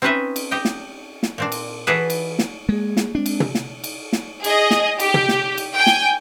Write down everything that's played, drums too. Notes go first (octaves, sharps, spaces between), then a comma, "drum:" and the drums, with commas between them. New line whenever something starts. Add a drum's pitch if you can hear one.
C4 C#4 D#4 B4 D#5 E5
drum: cymbal
G4 D#5 G5
drum: snare
drum: snare
A#2 C4 D4
drum: cymbal
E3 E4 F#4 G#4 A4 B4
drum: cymbal
drum: snare
G#3 A#3 G#4
drum: snare
G#3 C4 D4
drum: cymbal
drum: tom
drum: snare
drum: cymbal
drum: snare
G#4 D#5, drum: cymbal
drum: snare
G4, drum: cymbal
drum: tom
drum: snare
drum: cymbal
G5 G#5
drum: snare